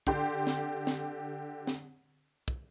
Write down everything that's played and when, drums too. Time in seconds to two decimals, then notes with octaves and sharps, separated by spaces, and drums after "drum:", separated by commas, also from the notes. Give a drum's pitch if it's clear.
0.07 D3 G4 C6, drum: kick
0.47 drum: snare
0.87 drum: snare
1.67 drum: snare
2.48 drum: kick